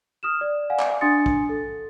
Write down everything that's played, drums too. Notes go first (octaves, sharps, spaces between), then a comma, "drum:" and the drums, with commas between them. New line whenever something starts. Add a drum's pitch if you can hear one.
D#6 F6 E7
D5
D5 F5 F#5 G#5
drum: clap
D4 G#5 C6 D#6 A6 C#7
drum: kick
A4